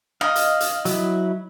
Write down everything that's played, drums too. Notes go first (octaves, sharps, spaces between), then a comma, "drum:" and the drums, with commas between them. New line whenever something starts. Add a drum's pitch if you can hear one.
D#5 F5
drum: hi-hat
drum: hi-hat
F#3 E4, drum: hi-hat